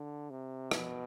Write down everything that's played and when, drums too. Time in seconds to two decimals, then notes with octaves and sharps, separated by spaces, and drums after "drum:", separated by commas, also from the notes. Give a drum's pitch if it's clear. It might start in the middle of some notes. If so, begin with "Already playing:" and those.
Already playing: D3
0.30 C3
0.71 B2, drum: rim click